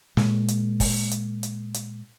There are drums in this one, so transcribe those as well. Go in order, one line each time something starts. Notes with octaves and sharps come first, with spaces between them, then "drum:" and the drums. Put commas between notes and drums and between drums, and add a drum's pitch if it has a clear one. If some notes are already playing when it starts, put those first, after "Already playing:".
A#2 G#3, drum: snare
drum: hi-hat
drum: kick, open hi-hat
drum: hi-hat
drum: hi-hat
drum: hi-hat